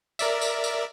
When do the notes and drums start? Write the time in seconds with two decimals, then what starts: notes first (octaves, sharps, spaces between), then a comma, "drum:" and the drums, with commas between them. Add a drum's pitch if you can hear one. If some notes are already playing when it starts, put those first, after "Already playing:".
0.19 A#4 D5 E5, drum: tambourine
0.41 drum: tambourine
0.64 drum: tambourine